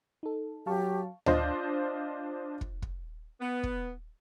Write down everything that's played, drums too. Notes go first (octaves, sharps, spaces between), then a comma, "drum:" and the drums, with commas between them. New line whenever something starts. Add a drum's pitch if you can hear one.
D#4 A4
F#3 G4 F5 A5 C#6
D4 F4 C5 D#5, drum: tom D2
drum: kick
drum: kick
B3
drum: kick